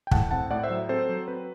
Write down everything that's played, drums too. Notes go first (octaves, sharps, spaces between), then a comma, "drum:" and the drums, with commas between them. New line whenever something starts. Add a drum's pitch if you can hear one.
G5
A2 F#5 A5, drum: kick
C4 F#5 A5
A2 D5 F#5
C5 E5
F#3
C4 A4 C5
F#3
C4 B4